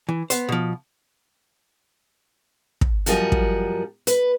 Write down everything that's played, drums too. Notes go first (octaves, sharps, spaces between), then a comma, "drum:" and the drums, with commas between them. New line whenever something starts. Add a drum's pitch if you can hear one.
E3
B3 C5, drum: hi-hat
B2 F3
drum: kick
F#2 F3 G3 A#4 D#5 F#5, drum: hi-hat
drum: kick
B4, drum: hi-hat